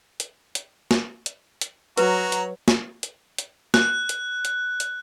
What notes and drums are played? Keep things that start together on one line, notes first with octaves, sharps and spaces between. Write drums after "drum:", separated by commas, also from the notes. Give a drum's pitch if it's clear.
drum: hi-hat
drum: hi-hat
drum: snare
drum: hi-hat
drum: hi-hat
F#3 F#4 B4 A#5, drum: hi-hat
drum: hi-hat
drum: snare
drum: hi-hat
drum: hi-hat
F#6, drum: snare
drum: hi-hat
drum: hi-hat
drum: hi-hat